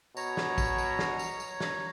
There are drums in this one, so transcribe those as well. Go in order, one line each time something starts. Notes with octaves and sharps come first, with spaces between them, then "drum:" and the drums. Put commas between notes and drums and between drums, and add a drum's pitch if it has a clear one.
B2 C#5 A#5, drum: tambourine
drum: snare
drum: kick, tambourine
drum: tambourine
drum: snare
drum: tambourine
drum: tambourine
drum: snare